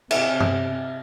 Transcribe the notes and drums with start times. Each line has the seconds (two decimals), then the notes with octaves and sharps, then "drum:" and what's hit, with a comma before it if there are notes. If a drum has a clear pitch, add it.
0.11 C3 E5, drum: cymbal
0.40 drum: tom